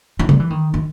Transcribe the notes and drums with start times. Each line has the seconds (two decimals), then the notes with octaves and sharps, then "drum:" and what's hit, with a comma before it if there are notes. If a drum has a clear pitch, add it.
0.19 E3
0.29 G3, drum: tom
0.40 E3
0.50 D#3
0.74 D#3